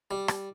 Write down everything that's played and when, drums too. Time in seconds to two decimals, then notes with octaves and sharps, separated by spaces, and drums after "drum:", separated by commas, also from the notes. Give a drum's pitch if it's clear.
0.11 G3
0.28 drum: rim click